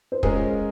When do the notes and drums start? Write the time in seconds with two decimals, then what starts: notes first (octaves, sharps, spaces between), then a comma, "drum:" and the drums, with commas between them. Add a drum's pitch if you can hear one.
0.12 C5
0.23 G#3 C#4 F4 G#4 A#4, drum: kick